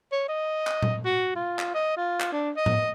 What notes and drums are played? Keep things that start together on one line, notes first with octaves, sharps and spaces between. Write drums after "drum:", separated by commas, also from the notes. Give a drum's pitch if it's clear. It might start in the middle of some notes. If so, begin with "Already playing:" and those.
C#5
D#5
drum: clap
drum: tom A#2
F#4
F4
drum: clap
D#5
F4
drum: clap
D4
D#5
drum: tom A2